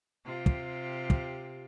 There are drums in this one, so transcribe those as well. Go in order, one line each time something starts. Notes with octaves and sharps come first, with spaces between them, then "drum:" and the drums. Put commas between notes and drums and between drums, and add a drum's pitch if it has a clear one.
C3 F4 G4
drum: kick
drum: kick